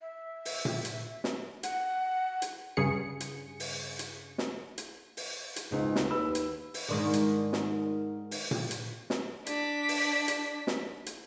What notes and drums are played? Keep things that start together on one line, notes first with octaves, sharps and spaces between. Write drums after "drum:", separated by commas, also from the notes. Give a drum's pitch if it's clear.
E5
drum: open hi-hat
drum: tom A#2
drum: hi-hat
drum: snare
F#5, drum: hi-hat
drum: hi-hat
G2 C#3 G#4 C#7
drum: hi-hat
drum: open hi-hat
drum: hi-hat
drum: snare
drum: hi-hat
drum: open hi-hat
drum: hi-hat
C#2 G#2
drum: snare
D#2 B4 E6
drum: hi-hat
drum: open hi-hat
G#2 D#3 D4
drum: hi-hat
drum: snare
drum: open hi-hat
drum: tom A#2
drum: hi-hat
drum: snare
D4 B6, drum: hi-hat
drum: open hi-hat
drum: hi-hat
drum: snare
drum: hi-hat